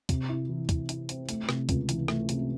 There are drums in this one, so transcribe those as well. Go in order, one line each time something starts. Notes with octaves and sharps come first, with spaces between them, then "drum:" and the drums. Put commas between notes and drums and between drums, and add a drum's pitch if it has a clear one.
C3, drum: kick, hi-hat
E4
E3
E4, drum: kick, hi-hat
E4, drum: hi-hat
C4, drum: hi-hat
A3, drum: hi-hat
C3, drum: rim click
C#2, drum: kick, hi-hat
E3, drum: hi-hat
A3, drum: rim click
C3, drum: hi-hat